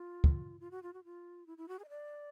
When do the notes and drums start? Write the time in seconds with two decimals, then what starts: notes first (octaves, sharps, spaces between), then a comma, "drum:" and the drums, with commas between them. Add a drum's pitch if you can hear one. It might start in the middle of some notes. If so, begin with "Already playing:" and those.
Already playing: F4
0.24 drum: kick
0.60 F4
0.71 F#4
0.83 F4
0.93 F#4
1.04 F4
1.47 E4
1.58 E4
1.68 F#4
1.79 G#4
1.84 D#5
1.89 D5